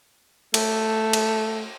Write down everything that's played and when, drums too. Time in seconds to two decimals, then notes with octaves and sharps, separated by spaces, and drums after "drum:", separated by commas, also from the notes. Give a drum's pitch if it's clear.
0.54 A3, drum: cymbal
1.13 drum: cymbal